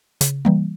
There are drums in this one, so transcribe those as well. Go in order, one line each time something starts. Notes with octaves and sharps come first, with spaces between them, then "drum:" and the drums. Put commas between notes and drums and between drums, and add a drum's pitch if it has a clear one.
C#3, drum: hi-hat
E3 G3 A#3